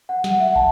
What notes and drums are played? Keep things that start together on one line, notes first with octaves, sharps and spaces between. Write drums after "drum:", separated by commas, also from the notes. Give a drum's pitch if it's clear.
F#5
F#5, drum: snare
E5
F#5
A5, drum: kick